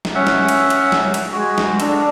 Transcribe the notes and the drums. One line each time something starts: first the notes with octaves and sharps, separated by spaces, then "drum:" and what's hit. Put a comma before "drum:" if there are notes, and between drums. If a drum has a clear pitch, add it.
drum: snare
C#4 E5 F#5
drum: snare
drum: cymbal
drum: cymbal
drum: snare
drum: cymbal
G#3 F#4
drum: snare
D4 A4, drum: cymbal